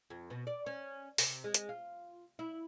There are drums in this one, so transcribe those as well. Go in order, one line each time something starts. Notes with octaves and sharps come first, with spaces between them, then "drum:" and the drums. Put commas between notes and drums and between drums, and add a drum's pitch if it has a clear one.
F2
B2
D5
C#4
C3, drum: open hi-hat
G#3
drum: hi-hat
F4
E4